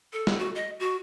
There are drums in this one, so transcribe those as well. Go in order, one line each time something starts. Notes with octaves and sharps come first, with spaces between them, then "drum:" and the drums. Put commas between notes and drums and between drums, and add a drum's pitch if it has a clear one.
A4
drum: snare
F#4
D#5
F#4